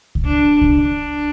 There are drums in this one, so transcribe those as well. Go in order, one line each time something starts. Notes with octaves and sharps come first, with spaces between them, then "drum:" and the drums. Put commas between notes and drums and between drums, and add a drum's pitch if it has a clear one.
drum: kick C2
D4
drum: kick C2
D4